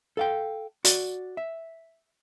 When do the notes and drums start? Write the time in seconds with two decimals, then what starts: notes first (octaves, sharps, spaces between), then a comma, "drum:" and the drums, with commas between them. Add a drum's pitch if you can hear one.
0.17 A4 F5 G5
0.85 F#4 D5, drum: hi-hat
1.37 E5